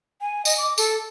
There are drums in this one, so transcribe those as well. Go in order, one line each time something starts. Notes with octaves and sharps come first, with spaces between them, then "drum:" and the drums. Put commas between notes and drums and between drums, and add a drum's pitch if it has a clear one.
G#5
D#5, drum: tambourine
D6
A4, drum: tambourine